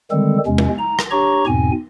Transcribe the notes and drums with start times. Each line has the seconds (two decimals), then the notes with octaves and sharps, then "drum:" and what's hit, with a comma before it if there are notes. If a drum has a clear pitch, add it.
0.11 D3 D#3 G3 G#3 C4 A4
0.46 E2 C3 G#3 C#4
0.58 drum: tom G#3
0.79 A#5
0.99 drum: rim click
1.11 D4 G4 C#5 A#5 C#6
1.47 E2 G#2 B2 C4 G#5